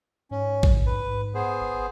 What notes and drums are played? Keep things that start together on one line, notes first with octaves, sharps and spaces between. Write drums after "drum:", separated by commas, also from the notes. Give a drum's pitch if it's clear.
G#2 C#4
drum: kick A1
B4
G#2
B3 G#4 C5
G#1